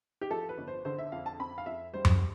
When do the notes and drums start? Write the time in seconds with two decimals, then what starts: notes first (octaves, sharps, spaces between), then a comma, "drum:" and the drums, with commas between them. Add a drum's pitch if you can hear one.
0.21 G4
0.31 F3 A4
0.49 B4
0.58 G1
0.68 C5
0.85 D3 C5
0.98 E5
1.12 F2 F5
1.26 A5
1.39 C4 B5
1.58 F5
1.66 F2 E5
1.93 G3 C5
2.05 drum: tom F#2